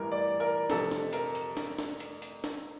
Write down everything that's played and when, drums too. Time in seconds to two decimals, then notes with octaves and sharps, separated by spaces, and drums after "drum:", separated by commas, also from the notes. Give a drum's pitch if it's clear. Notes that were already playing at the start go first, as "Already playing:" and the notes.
Already playing: A1 G2 E3 A#4
0.12 D5
0.40 A#4
0.70 F1 F2 C3 A4, drum: snare
0.91 drum: snare
1.13 A#4, drum: hi-hat
1.35 drum: hi-hat
1.57 drum: snare
1.79 drum: snare
2.00 drum: hi-hat
2.22 drum: hi-hat
2.44 drum: snare